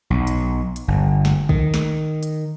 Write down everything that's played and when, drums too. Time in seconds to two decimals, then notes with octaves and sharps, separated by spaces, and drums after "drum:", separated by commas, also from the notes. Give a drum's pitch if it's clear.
0.10 B1
0.27 drum: hi-hat
0.76 drum: hi-hat
0.88 G1
1.25 drum: snare
1.49 D#3, drum: kick
1.74 drum: snare
2.23 drum: hi-hat